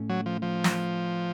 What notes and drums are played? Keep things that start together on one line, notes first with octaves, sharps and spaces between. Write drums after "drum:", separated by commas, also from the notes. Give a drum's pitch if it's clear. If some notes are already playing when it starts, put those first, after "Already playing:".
Already playing: A2 A3 C#4
F#3
F3
F3
drum: snare